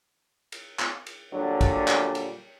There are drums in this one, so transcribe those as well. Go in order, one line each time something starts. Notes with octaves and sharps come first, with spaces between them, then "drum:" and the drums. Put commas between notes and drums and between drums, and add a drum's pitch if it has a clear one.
drum: cymbal
drum: clap
drum: cymbal
A#2 D3 F#3 G3
drum: kick, cymbal
drum: clap
drum: cymbal